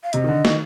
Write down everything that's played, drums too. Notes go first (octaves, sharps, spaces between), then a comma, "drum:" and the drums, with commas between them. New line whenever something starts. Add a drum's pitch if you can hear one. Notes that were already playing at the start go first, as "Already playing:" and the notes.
F5
C3 D#5, drum: hi-hat
D#3
D3
D#3, drum: snare